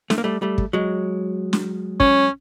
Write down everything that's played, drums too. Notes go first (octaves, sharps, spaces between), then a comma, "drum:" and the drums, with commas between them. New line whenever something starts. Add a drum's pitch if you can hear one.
A3, drum: snare
A#3
G3 A3
G3 A3
drum: kick
F#3 G#3
drum: snare
C#4, drum: kick